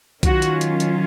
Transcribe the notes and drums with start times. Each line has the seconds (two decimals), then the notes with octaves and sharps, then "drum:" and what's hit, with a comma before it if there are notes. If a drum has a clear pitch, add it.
0.23 D#3 F#3 C#4 F4 F#4, drum: kick B1, hi-hat
0.42 drum: hi-hat
0.61 drum: hi-hat
0.80 drum: hi-hat